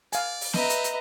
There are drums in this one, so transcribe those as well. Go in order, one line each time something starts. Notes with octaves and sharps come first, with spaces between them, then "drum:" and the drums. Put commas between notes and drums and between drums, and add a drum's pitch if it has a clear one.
D5 F5 G#5, drum: hi-hat
drum: open hi-hat
C4 B4 D#5 E5 A#5, drum: snare
drum: hi-hat
drum: hi-hat